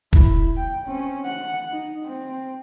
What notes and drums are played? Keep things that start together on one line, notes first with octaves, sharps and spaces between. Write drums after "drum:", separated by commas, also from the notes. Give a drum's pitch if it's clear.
E4, drum: kick
G5
C4 C#4
F#5
D#4
C4